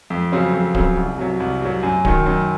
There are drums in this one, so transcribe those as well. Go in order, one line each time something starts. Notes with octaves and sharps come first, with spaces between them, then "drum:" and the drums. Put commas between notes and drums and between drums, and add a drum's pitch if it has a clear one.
F2
C#3 F#3 C4
F2
C#3 F#3 C4, drum: kick D1
C2
C3 F#3
C2
C3 F#3
F#2
D#3 F#3, drum: kick D1
F#2